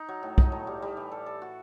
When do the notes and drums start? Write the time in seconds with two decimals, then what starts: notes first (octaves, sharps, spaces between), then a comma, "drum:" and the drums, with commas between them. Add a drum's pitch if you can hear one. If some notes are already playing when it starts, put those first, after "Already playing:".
Already playing: D#4
0.08 F#3
0.23 A2
0.38 D#4, drum: kick B1
0.52 A2
0.67 G3
0.82 G3
0.97 E3
1.12 A4
1.26 A4
1.42 F#4